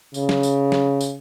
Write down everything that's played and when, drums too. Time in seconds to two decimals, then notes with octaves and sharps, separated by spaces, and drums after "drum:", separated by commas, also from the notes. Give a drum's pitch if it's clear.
0.14 C#3, drum: tambourine
0.29 drum: snare
0.43 drum: tambourine
0.72 drum: snare
1.01 drum: tambourine